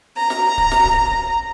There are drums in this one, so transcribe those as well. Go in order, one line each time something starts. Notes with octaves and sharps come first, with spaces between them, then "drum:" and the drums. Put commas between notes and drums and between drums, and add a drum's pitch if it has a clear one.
A#5
drum: snare
drum: kick C#1
drum: snare
drum: kick C#1